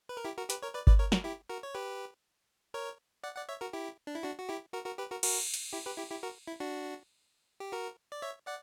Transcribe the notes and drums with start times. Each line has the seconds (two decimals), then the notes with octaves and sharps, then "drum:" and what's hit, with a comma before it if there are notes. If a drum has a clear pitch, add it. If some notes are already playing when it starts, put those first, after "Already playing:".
0.09 B4
0.17 A#4
0.25 E4 G4
0.37 F#4 A#4
0.50 G4 B4, drum: hi-hat
0.62 A#4 C#5
0.74 B4 D5
0.87 B4 D5, drum: kick G1
0.99 A#4 C#5
1.12 F#4 A#4, drum: snare
1.24 E4 G4
1.49 F#4 A#4
1.63 C#5
1.75 G4 B4
2.74 A#4 C#5
3.24 D5 F#5
3.36 D5 F#5
3.49 C#5 E5
3.61 F#4 A#4
3.73 E4 G4
4.07 D4
4.15 E4
4.23 D4 F#4
4.39 F#4
4.49 E4 G4
4.74 F#4 A#4
4.86 F#4 A#4
4.98 G4 B4
5.11 F#4 A#4
5.23 F#4 A#4, drum: cymbal
5.54 drum: hi-hat
5.73 E4 G4
5.86 G4 B4
5.98 E4 G4
6.11 E4 G4
6.23 F#4 A#4
6.47 E4
6.60 D4 F#4
7.60 G4
7.72 F#4 A#4
8.12 D5
8.22 C#5 E5
8.47 D5 F#5